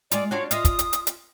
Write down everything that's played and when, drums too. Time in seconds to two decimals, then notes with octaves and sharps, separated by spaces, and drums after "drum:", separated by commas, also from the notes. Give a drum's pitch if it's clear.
0.11 G#3 F4 D5, drum: hi-hat
0.31 D4 F4 F#4 C#5
0.51 F4 D#5 E5 D#6, drum: hi-hat
0.65 drum: kick, hi-hat
0.79 drum: hi-hat
0.93 drum: hi-hat
1.07 drum: hi-hat